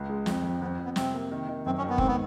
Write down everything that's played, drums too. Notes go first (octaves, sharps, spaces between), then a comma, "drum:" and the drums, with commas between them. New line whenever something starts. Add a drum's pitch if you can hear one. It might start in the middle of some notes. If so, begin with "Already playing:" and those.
Already playing: C#2
G#3
F2, drum: snare
F2
F2 B3
F2
B3
C3 C4, drum: snare
A#3
D#3
D#3
F#2 C4
C#4
D#3
B3
G#2 C4, drum: kick F#1
B3